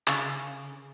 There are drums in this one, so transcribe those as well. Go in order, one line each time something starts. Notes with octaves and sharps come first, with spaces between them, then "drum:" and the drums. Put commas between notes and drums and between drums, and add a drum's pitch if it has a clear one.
C#3, drum: clap